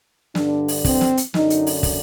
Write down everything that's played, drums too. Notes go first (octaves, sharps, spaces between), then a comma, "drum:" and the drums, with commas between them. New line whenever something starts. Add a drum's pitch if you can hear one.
G2 D3 D4, drum: snare
drum: open hi-hat
C4, drum: kick, open hi-hat
drum: snare
drum: hi-hat
F#2 D3 D#4, drum: snare
drum: hi-hat
drum: open hi-hat
drum: kick, open hi-hat